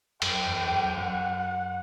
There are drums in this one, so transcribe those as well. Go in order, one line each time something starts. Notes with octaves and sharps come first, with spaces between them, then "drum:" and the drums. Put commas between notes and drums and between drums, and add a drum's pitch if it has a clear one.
F#2 G5, drum: cymbal
E2
F#2
F#2 F#5